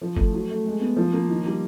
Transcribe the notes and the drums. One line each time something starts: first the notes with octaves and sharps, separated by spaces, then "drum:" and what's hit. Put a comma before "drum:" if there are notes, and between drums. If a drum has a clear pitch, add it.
F3
A3, drum: kick F#1
F#3
A3
G#3
B3
F3
A#3
D#3
G3